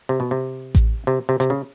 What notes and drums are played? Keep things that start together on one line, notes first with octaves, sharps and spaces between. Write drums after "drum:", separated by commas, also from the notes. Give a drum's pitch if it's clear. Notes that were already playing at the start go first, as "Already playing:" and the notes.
C3
B2
C3
drum: kick A1, hi-hat
C3
C3
C3, drum: hi-hat
C#3